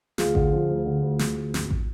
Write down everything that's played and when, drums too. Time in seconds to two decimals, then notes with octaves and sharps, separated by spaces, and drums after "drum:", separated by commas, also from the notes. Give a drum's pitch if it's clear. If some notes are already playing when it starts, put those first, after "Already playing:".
0.18 D2 F4 G#4, drum: snare
0.35 D3, drum: kick A1
0.52 F3
0.69 D2
0.85 D3
1.03 D2
1.19 D2, drum: snare
1.36 D2
1.54 G#1, drum: snare
1.71 drum: kick A1